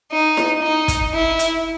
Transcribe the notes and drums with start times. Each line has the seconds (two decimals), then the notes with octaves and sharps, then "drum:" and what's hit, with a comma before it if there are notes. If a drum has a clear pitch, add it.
0.12 D#4
0.37 drum: snare E4
0.62 D#4
0.88 drum: kick, hi-hat
1.13 E4
1.39 drum: hi-hat